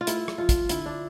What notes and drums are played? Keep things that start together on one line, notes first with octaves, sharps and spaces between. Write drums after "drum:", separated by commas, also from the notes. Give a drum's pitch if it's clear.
F4
A3 E4, drum: hi-hat
drum: rim click
F3 F4
drum: kick, hi-hat
D3 E4, drum: hi-hat
D4